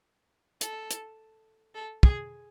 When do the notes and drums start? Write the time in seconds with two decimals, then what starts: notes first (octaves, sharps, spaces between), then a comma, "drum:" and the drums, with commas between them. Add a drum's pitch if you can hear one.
0.61 A4, drum: hi-hat
0.91 drum: hi-hat
1.75 A4
2.03 G#4, drum: kick